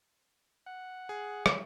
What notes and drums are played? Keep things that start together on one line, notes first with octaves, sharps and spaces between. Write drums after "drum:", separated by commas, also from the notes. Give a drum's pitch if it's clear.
F#5
G#4
drum: rim click